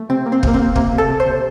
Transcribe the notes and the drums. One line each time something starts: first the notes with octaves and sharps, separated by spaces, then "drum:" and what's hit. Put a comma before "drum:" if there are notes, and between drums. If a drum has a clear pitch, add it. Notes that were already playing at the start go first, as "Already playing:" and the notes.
Already playing: A3
C3 C4
A#3
C4
C3 A#3, drum: kick
C4
A#3
C3 A#3, drum: kick
C3
A4
C3
C5
C3